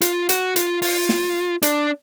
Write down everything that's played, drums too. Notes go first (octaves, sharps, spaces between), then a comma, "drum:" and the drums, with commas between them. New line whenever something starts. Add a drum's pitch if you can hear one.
F4, drum: hi-hat
F#4, drum: hi-hat
F4, drum: hi-hat
F4, drum: open hi-hat
drum: snare
D4, drum: hi-hat